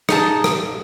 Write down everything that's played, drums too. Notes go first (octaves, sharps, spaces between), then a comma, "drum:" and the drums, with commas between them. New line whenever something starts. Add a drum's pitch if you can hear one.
D#4 G#4 A5, drum: rim click
drum: rim click